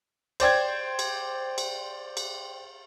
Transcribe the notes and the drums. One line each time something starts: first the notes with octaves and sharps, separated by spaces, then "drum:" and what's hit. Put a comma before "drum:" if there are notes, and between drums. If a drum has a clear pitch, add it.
C5 D5 G5 G#6, drum: cymbal
drum: cymbal
drum: cymbal
drum: cymbal